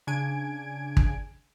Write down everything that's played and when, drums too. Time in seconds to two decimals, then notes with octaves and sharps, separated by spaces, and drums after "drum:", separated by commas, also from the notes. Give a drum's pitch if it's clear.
0.07 C#3 D4 G#5 G#6 D7
0.97 drum: kick